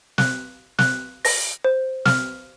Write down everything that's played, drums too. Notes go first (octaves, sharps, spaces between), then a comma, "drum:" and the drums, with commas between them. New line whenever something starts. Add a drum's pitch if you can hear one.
F#6, drum: snare
F#6, drum: snare
A#6, drum: open hi-hat
C5
F6, drum: snare